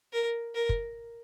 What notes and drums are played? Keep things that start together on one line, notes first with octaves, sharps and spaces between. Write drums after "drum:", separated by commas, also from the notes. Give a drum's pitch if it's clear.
A#4
A#4
drum: kick